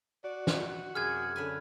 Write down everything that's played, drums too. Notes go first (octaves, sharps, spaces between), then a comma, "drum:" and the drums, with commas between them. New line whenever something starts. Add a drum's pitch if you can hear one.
F#4 D5
drum: snare
F#2 C3 G#4 F6 G#6
D3 C#4 B4 G#5